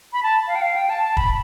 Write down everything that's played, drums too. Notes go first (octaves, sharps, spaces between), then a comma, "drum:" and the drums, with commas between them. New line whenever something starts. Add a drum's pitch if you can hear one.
B5
A5
F5
G5
F5
G5
A5
A5
B5, drum: kick